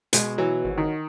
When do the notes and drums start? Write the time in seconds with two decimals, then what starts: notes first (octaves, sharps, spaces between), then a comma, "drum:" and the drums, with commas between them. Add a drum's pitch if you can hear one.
0.13 B2 G#3, drum: hi-hat
0.38 E3 F#3
0.65 G#1
0.78 D#3